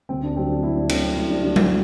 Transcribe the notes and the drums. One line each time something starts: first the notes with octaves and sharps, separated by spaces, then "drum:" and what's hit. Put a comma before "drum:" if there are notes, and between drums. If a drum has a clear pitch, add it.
D2 C4
D4
D3 F#3 A3 C4
D4
D2 E4
D4
D3 F#3 A3 C4, drum: cymbal
C4
D2 E4
D4
D3 F#3 A3 D4
F#4, drum: tom G3